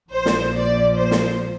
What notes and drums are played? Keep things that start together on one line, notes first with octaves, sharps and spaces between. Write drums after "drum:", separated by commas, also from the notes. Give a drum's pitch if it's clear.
A#1 A#2 F3 C5
drum: snare
D5
C5
drum: snare